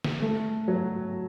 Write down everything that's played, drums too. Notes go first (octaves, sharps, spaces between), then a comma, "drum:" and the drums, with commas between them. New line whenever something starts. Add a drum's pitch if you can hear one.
drum: snare
A3
F#3